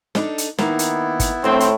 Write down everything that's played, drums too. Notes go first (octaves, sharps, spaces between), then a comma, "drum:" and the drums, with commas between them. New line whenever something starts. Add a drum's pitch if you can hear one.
D4 D#4 A4, drum: snare
drum: hi-hat
D#3 A#3 B3 E4, drum: snare
drum: hi-hat
drum: kick G#1, hi-hat
A2 E3 C4 D4
drum: hi-hat